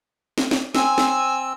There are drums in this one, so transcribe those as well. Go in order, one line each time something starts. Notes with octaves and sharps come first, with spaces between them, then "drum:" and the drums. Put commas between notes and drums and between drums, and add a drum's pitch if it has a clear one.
drum: snare
drum: snare
C4 G#5 E6, drum: snare
drum: snare